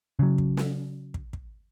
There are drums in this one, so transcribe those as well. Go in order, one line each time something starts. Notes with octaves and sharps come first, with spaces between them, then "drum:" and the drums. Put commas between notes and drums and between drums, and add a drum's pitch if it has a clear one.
C#3 F#3
drum: kick
drum: snare
drum: kick
drum: kick